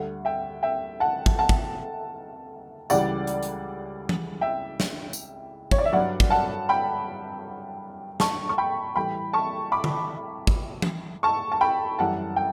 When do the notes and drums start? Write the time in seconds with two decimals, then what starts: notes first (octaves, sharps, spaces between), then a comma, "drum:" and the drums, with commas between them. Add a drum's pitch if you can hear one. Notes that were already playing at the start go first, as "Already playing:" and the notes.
Already playing: D2 D3 G3 F#5
0.25 E5 G5
0.63 E5 G5
1.00 F#5 A5
1.26 drum: kick
1.39 F#5 A5
1.49 drum: kick
2.90 C#2 C#3 E3 G3 D5 F#5, drum: tambourine
3.27 drum: hi-hat
3.43 drum: hi-hat
4.09 drum: tom E3
4.41 E5 G5
4.80 drum: snare
5.13 drum: tambourine
5.71 C#5, drum: kick
5.78 D5
5.85 E5
5.93 G2 F#3 D5 F#5
6.20 drum: kick
6.30 F#5 A5
6.69 G5 B5
8.20 A5 C#6, drum: snare
8.49 C#6
8.58 G5 B5
8.96 A2 E3 G3 G5 B5
9.33 A5 C#6
9.72 B5 D6
9.84 drum: tom D3
10.47 drum: kick
10.82 drum: tom E3
11.23 A5 C#6
11.52 A5
11.61 G5 B5
11.99 F#2 E3 G3 F#5 A5
12.36 G5